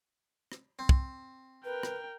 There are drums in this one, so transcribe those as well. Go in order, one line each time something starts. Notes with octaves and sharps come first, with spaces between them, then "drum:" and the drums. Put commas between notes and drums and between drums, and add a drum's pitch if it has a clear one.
drum: rim click
C4
drum: kick
A#4 B4 G5
drum: rim click